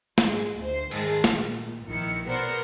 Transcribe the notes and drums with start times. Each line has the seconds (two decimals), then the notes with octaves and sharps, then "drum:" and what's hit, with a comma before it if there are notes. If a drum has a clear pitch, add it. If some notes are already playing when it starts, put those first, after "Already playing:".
0.18 G#2 G#3, drum: snare
0.59 D2 C5
0.91 G#2 D#3 G#3 G#4 A5, drum: cymbal
1.24 A#2, drum: snare
1.87 A#1 D#3 E4 C#7
2.26 B2 B3 A#4 C5 D5 C#7